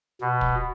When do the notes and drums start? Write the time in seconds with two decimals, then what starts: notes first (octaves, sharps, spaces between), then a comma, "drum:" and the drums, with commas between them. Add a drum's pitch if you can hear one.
0.21 B2
0.41 drum: kick